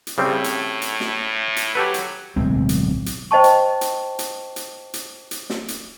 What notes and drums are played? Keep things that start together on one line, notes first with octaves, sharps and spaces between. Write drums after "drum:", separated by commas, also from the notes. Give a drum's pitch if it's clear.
drum: hi-hat
A2 C#3 G3 C4
drum: hi-hat
drum: hi-hat
drum: snare
drum: hi-hat
F#3 G4 A4 B4
drum: hi-hat
D1 B1 G#3 C4
drum: hi-hat
drum: hi-hat
C5 D#5 G5 A5 C#6
drum: hi-hat
drum: hi-hat
drum: hi-hat
drum: hi-hat
drum: hi-hat
drum: hi-hat
drum: snare
drum: hi-hat